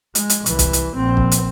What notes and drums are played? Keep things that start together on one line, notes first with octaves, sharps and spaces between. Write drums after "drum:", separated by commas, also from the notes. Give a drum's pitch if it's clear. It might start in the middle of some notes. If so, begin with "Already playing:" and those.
G#3, drum: hi-hat
drum: hi-hat
C2 E3, drum: hi-hat
drum: kick, hi-hat
drum: hi-hat
A#1 C4
drum: kick
drum: hi-hat